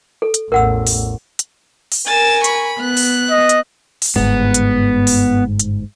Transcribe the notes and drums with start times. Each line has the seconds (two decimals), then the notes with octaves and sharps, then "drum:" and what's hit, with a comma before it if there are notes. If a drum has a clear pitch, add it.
0.22 A4
0.34 drum: hi-hat
0.52 A1 E2 A#4 F#5 E6
0.87 drum: open hi-hat
1.39 drum: hi-hat
1.92 drum: open hi-hat
2.07 A#4 G#5 A6 E7
2.44 B5 C#6, drum: hi-hat
2.80 B3 F#6
2.97 drum: open hi-hat
3.31 D#5
3.49 drum: hi-hat
4.02 drum: open hi-hat
4.16 G1 G#2 B3
4.54 drum: hi-hat
5.07 drum: open hi-hat
5.59 drum: hi-hat